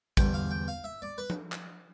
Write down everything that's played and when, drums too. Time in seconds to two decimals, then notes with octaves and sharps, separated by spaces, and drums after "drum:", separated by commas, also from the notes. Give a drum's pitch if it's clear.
0.17 E2 D3 G3 G5, drum: kick, hi-hat
0.34 F5
0.51 G5
0.68 F5
0.84 E5
1.02 D5
1.18 B4
1.30 drum: tom F3
1.52 drum: clap